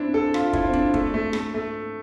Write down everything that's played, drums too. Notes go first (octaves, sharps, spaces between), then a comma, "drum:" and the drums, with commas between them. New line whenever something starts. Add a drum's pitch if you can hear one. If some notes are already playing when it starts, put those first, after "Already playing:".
Already playing: C4 D4 E4
A4
F4, drum: rim click
E4, drum: kick
C4
D4, drum: kick
A3, drum: kick
A3
A3, drum: rim click
A3